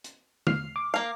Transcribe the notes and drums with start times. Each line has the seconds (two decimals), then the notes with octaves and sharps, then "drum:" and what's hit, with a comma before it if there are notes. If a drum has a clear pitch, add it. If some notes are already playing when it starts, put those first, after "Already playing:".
0.04 drum: hi-hat
0.47 F6 C7, drum: tom
0.76 D6
0.94 A#3 F5